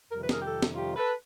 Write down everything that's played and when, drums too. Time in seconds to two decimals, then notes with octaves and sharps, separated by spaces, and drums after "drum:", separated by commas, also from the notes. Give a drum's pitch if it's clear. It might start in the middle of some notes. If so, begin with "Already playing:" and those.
0.10 F2 C3 D#3 G3 A#4
0.20 B4
0.29 G#4 A#4, drum: snare
0.42 G4 A4
0.62 drum: snare
0.75 F4 G4
0.96 A4 B4